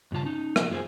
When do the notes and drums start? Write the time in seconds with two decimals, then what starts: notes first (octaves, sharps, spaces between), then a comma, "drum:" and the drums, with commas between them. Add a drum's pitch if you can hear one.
0.12 G2 C#3 F4 A5
0.23 C#4 D#4
0.56 F3 A#3 F#4 A#4 D5 D#5, drum: rim click
0.70 F#2 F4 G#4 C5 G#5